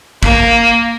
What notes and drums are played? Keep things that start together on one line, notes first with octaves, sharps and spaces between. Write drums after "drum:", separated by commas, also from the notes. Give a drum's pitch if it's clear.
A#3, drum: kick